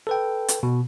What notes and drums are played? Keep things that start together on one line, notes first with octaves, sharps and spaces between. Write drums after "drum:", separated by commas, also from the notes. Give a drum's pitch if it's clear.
A4 B4 G5
drum: hi-hat
B2